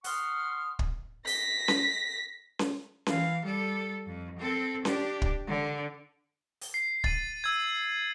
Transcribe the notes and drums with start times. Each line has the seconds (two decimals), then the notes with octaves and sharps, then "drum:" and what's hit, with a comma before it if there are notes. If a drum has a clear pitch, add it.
0.04 F#5 C6 C#6 D#6 F6, drum: open hi-hat
0.79 drum: kick
1.27 A#6 B6, drum: open hi-hat
1.68 drum: snare C#4
2.59 drum: snare C#4
3.06 E3 F5, drum: snare C#4
3.44 G3 A4
4.07 F2
4.39 C4 A4
4.85 D4 G4, drum: snare C#4
5.22 drum: kick
5.47 D3
6.61 drum: open hi-hat
6.74 C7
7.04 A6 D#7, drum: kick
7.44 E6 G#6